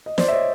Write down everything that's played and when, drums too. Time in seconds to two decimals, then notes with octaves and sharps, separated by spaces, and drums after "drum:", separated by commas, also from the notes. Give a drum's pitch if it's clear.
0.06 D#5
0.18 C5 D5, drum: snare
0.28 E5
0.33 C#5 D#5